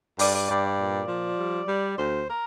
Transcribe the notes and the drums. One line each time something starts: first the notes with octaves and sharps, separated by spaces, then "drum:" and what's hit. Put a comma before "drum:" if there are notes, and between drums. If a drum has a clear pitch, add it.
G2 D5, drum: open hi-hat
D5
G2 D5
D5
A#2
F3
G3
G3
D2 C5
A#4